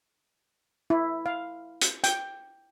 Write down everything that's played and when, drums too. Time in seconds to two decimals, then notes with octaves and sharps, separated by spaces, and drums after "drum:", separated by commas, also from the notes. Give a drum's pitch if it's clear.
0.90 E4
1.26 F5
1.81 drum: hi-hat
2.04 G5, drum: hi-hat